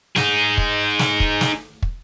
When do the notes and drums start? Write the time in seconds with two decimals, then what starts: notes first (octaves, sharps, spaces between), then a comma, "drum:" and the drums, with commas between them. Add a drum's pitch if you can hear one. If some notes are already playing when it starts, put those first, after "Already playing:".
0.16 D#4 G#4, drum: snare
0.58 drum: kick
0.99 drum: snare
1.20 drum: kick
1.41 drum: snare
1.82 drum: kick